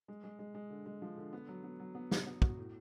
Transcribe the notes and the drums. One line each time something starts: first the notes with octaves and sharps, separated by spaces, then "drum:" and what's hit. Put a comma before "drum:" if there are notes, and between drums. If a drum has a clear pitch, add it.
G#3
G#3
G#3
G#3
D3
G#3
F3
D3
B3
F#3
B3
F#3
B3
B3, drum: snare
B3
F#4, drum: kick
A2